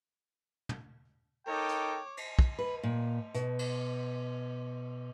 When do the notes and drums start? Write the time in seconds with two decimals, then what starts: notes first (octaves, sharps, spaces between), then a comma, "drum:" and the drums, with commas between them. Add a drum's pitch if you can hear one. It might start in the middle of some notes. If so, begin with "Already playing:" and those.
0.69 drum: tom
1.47 D#4 A4 A#4 C#5 G5 D6
1.69 drum: hi-hat
2.17 drum: cymbal
2.39 drum: kick
2.59 B4
2.83 A#2
3.34 B2, drum: hi-hat
3.59 drum: cymbal